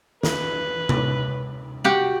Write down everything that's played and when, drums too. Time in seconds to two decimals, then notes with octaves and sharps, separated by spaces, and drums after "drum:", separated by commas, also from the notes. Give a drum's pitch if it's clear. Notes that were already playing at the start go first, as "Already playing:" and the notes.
0.23 B4, drum: snare
0.89 drum: tom C3
1.84 F#4 G4 F#5